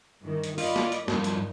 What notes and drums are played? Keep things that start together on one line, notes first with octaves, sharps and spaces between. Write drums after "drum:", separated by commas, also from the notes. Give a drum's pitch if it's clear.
G2 D#3 E3
drum: hi-hat
F4 D5 D#5 B5, drum: open hi-hat
drum: snare
drum: hi-hat
G2 A#2 F3 C#4 D#4, drum: snare
drum: hi-hat